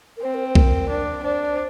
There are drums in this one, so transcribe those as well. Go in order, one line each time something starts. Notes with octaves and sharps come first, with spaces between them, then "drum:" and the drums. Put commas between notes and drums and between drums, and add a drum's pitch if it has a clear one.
A#4
C4 C5
A#4
C5
A#4, drum: kick B1
D4
D4 C5